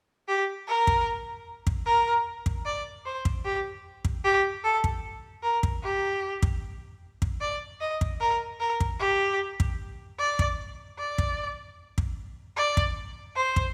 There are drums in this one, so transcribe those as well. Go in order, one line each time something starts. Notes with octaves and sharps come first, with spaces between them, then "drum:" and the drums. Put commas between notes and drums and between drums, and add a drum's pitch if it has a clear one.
G4
A#4
drum: kick
drum: kick
A#4
drum: kick
D5
C5
drum: kick
G4
drum: kick
G4
A4
drum: kick
A#4
drum: kick
G4
drum: kick
drum: kick
D5
D#5
drum: kick
A#4
A#4
drum: kick
G4
drum: kick
D5
drum: kick
D5
drum: kick
drum: kick
D5
drum: kick
C5
drum: kick